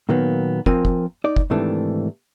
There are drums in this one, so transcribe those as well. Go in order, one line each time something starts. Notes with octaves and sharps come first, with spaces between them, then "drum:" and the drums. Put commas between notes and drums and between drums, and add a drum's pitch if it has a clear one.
A#2 D#3 F#3 A#3 B3
F3 C4 F4 A#4 G#5, drum: kick
drum: kick
D#4 D5
drum: kick
G#2 C3 D#3 E3 A3 D4